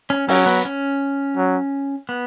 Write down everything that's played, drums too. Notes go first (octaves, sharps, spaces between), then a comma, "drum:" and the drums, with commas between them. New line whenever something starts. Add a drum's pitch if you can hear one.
C#4
F#3 C#4, drum: open hi-hat
B3
C#4
F#3
B3